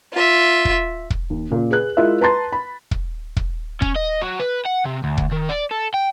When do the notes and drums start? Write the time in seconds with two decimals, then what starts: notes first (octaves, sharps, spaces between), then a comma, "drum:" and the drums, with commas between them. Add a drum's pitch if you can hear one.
0.14 F4 E5
0.65 drum: kick
1.10 drum: kick
1.30 D#2
1.50 A#2 C#3
1.71 G#4 B4 F#6
1.97 G#3 E4 F4 A#4 E5
2.21 B4 A5 A#5 C6 A6
2.52 B5
2.91 drum: kick
3.37 drum: kick
3.82 C#4, drum: kick
3.96 D#5
4.22 F#3
4.40 B4
4.66 F#5
4.86 C3
5.04 D2
5.17 drum: kick
5.32 D#3
5.49 D5
5.71 A4
5.94 G5